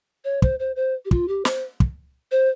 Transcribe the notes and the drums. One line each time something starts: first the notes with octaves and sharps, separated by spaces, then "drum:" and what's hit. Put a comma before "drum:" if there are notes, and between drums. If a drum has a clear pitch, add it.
C#5
C5, drum: kick
C5
C5
G4
F4, drum: kick
G4
C5, drum: snare
drum: kick
C5